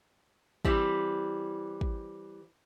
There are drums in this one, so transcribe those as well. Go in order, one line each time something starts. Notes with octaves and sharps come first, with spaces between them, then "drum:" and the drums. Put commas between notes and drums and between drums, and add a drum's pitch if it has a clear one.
E3 G3 C4, drum: kick
drum: kick